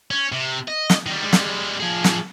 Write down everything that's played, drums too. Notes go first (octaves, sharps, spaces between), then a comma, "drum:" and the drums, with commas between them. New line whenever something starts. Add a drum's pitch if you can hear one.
C#4
C3
D#5
drum: snare
D#3 G3
G3 G#3
drum: snare
F3 G#4
drum: snare